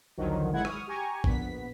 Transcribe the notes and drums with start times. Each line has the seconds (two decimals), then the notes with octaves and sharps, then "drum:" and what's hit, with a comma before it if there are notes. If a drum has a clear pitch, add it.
0.17 A#1 D#2 D3 D#3 F3 F#3
0.53 G#1 G#3 E4 F#5 G#6
0.65 C#6 D#6 F6, drum: rim click
0.87 G4 G#5 A#5 C#6
1.24 A#1 B3 B6, drum: kick